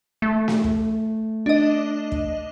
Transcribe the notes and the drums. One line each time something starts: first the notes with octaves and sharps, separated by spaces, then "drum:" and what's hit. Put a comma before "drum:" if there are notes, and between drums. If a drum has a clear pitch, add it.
A3
drum: snare
drum: kick
D4 D#5
drum: kick